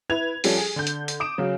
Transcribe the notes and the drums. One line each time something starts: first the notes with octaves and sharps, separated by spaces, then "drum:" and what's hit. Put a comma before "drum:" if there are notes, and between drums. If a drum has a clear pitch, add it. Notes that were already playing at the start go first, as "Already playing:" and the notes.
E4 B4 G#6 F7
F3 G3 C#4 G4 A4, drum: open hi-hat
G#4
D3 G6
drum: hi-hat
drum: hi-hat
D6 D#6 D7 E7
C#3 F#3